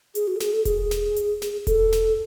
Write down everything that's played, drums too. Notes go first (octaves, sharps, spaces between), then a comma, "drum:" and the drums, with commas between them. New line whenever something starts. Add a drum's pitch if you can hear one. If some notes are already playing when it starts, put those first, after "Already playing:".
G#4, drum: hi-hat
F#4
A4
G#4, drum: snare
A4
G#4, drum: kick E1, hi-hat
drum: snare
drum: hi-hat
drum: snare
A4, drum: kick E1, hi-hat
drum: snare